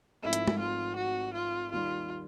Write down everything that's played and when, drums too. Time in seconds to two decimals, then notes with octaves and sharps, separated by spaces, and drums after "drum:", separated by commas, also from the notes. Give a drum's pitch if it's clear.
0.22 G#1 G#2 F3 A3 C4 E4
0.33 drum: hi-hat
0.48 drum: tom G#3
0.59 F4
0.96 F#4
1.34 F4
1.72 D#2 D#3 G3 F4